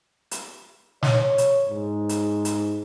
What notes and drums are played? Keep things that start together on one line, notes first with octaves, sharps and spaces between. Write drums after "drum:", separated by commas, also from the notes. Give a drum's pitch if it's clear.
drum: hi-hat
C#5, drum: snare
drum: hi-hat
G#2
drum: hi-hat
drum: hi-hat